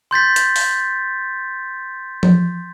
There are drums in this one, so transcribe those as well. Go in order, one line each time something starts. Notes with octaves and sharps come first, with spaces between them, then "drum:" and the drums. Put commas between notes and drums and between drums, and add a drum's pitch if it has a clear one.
C6 G6 A6 B6
drum: hi-hat
drum: open hi-hat
drum: tom F3